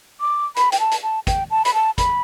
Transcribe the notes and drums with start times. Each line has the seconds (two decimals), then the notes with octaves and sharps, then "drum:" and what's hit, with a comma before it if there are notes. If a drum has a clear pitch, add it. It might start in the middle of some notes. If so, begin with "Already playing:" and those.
0.21 D6
0.56 B5, drum: hi-hat
0.72 G5, drum: hi-hat
0.80 A5
0.91 drum: hi-hat
1.03 A5
1.27 G5, drum: kick, hi-hat
1.51 A5
1.65 B5, drum: hi-hat
1.74 A5
1.98 B5, drum: kick, hi-hat